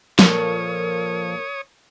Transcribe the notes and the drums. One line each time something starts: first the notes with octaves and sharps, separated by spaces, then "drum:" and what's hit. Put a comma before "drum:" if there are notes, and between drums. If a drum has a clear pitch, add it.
A#2 F3 A4 A#4 C#5 C#6 D#6, drum: snare